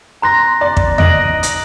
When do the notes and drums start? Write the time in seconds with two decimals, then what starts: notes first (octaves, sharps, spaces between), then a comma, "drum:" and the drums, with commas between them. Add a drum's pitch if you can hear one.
0.22 A#5 C6 F#6 A#6
0.61 D5
0.77 drum: kick
0.98 D#5 F#6 A#6 D7 F#7, drum: tom E2
1.43 drum: hi-hat